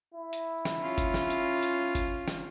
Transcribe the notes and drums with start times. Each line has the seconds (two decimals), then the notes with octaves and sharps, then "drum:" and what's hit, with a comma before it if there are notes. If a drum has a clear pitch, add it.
0.15 E4
0.33 drum: hi-hat
0.65 drum: snare
0.82 C#4 F4
0.98 drum: kick F#1, hi-hat
1.14 drum: snare
1.30 drum: hi-hat
1.63 drum: hi-hat
1.95 drum: kick F#1, hi-hat
2.28 drum: snare